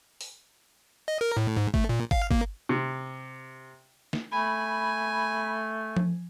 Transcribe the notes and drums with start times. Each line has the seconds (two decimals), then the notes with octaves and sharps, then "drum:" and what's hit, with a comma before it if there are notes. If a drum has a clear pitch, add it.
0.21 drum: open hi-hat
1.08 D#5
1.21 A#4
1.37 A2
1.57 G#2
1.74 A3, drum: kick
1.89 A#2
2.11 F5, drum: kick
2.31 A#3, drum: kick
2.69 C3
4.13 drum: snare
4.32 A3 G#5 B5
5.97 drum: tom F3